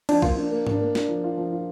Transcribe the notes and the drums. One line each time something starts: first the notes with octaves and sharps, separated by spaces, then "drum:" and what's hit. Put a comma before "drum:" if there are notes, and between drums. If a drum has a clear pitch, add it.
F3 D4, drum: cymbal
A#3 F4, drum: kick
D4
A#3
D4, drum: tom G#2
A#3
D4, drum: snare
F3
F4
F3
F4